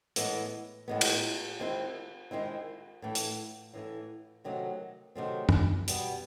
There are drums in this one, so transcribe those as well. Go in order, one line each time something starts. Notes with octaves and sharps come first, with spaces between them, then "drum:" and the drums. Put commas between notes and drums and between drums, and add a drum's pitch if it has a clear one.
A2 E3 G#3 B3, drum: hi-hat
A2 E3 G#3 B3
drum: cymbal
D#3 G#3 C4 E4
D#3 G#3 C4 E4
A2 E3 A3
drum: hi-hat
A2 E3 A3
C3 D#3 F#3 A3 C4
C3 D#3 F#3 A3 C4
drum: tom F#2
B2 G3 B3, drum: hi-hat